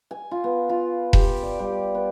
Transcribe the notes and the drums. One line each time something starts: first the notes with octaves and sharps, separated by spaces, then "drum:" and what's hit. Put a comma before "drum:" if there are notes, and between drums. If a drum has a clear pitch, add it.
G#5
F4
B3
F4
G4, drum: kick E1
D6
D5
G3
B3